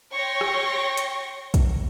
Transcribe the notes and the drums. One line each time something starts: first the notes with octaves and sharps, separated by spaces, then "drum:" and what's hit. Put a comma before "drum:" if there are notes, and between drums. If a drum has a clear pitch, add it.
C#5 G5 C6 C#6 A#6
drum: rim click
drum: hi-hat
drum: kick, hi-hat